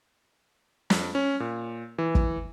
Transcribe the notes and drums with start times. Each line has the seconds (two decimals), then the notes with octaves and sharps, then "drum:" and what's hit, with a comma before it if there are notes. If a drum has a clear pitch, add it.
0.90 F2, drum: snare
1.15 C#4
1.40 A#2
1.98 E3
2.15 drum: kick